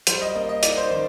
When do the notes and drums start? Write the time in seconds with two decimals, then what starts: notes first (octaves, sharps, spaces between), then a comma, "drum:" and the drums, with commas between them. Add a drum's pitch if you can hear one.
0.07 G3 C5, drum: hi-hat
0.21 D#5
0.35 A#3 D#5
0.49 D#5
0.63 D#4 D5, drum: hi-hat
0.77 C5
0.91 D#3 C5